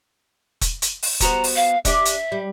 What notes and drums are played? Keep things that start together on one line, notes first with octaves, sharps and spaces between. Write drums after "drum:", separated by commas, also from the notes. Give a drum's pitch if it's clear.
drum: kick E1, hi-hat
drum: hi-hat
drum: open hi-hat
B3 F#4 C5 A#5, drum: kick E1, hi-hat
drum: open hi-hat
F5
D4 G4 D5 E5, drum: kick E1, hi-hat
drum: hi-hat
G3